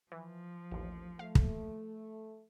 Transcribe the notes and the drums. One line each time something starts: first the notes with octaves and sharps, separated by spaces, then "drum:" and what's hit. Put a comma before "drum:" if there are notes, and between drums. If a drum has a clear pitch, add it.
E3 F3
A1 D#2
A3 F5
drum: kick